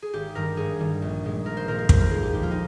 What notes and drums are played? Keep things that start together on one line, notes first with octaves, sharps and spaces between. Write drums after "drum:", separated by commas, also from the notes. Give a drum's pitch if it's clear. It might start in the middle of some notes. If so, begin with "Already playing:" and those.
G#4
G#1 G4
G2 D#3 G3 A#4
G#1 G#4
G2 D#3 G3
A#1
A#2 G#3
A#1 A#4
C5
A#2 G#3 A#4
A#4
D#2 C5, drum: kick
A#4
D3 F3 G#3 G#4
G4
D#2 G4
F4
D#4